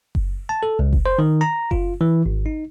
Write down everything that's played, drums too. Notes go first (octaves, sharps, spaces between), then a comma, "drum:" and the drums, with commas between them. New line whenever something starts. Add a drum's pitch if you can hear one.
drum: kick F#1
A5
A4
C#2
drum: kick F#1
C5
D#3
A#5
F4, drum: kick F#1
E3
G#1
D#4